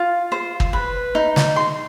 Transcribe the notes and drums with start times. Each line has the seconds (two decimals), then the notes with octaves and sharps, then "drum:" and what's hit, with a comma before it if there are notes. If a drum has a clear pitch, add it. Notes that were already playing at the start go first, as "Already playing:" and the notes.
Already playing: F4
0.32 C5
0.60 drum: kick
0.73 B4
1.15 D#4
1.36 drum: snare
1.56 C6